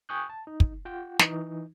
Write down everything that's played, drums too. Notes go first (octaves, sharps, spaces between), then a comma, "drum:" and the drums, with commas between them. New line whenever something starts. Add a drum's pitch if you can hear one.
G5 G#5 C#6 D#6 F#6 G6
A5
D#4
drum: kick
F4 F#5 G5
E3 D#4, drum: snare